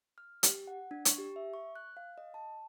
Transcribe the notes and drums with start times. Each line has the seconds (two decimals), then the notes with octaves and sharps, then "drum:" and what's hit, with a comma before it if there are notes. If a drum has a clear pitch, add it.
0.18 F6
0.43 G4, drum: hi-hat
0.67 F#5
0.91 D4
1.05 C#6, drum: hi-hat
1.18 G4
1.36 E5
1.54 C#6
1.76 F#6
1.97 F5
2.18 D#5
2.34 A5